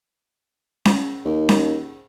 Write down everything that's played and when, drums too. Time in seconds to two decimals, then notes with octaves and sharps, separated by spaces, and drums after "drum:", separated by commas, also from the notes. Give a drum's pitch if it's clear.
0.85 drum: snare C#4
1.25 D#2
1.49 drum: snare C#4